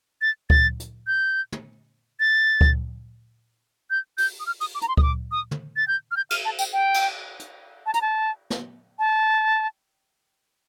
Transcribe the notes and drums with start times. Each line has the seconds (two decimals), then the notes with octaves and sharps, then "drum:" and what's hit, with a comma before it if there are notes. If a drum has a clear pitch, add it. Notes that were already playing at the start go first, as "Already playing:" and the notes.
0.22 A6
0.50 A6, drum: kick C#2
0.80 drum: hi-hat
1.07 G6
1.52 drum: tom
2.20 A6
2.61 drum: kick C#2
3.90 G6
4.18 G6, drum: open hi-hat
4.40 D#6
4.46 F6
4.61 D#6, drum: open hi-hat
4.75 D6
4.82 A#5, drum: hi-hat
4.88 C6
4.97 D#6, drum: kick C#2
5.03 D6
5.32 D#6
5.51 drum: tom
5.76 A6
5.88 G6
6.11 F6
6.17 G6
6.30 F6, drum: cymbal
6.45 A5
6.59 G5, drum: tambourine
6.73 G5
6.94 drum: cymbal
7.39 drum: hi-hat
7.86 A5
7.94 A#5, drum: hi-hat
8.02 A5
8.50 drum: snare
8.99 A5